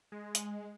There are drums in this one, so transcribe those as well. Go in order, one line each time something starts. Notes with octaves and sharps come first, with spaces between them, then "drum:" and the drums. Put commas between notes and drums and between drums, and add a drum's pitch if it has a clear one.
G#3
drum: hi-hat